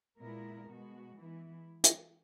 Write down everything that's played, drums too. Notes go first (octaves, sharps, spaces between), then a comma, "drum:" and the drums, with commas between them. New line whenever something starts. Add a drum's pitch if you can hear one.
A#2 G#3 B3 E4 A#4
B2 G#3 B3 F#4
E3 G#3 B3 E4
drum: hi-hat